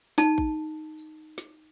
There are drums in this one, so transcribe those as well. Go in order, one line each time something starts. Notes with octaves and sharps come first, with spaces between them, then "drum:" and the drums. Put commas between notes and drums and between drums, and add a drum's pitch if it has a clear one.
D#4 A5, drum: snare
drum: kick A1
drum: tambourine
drum: snare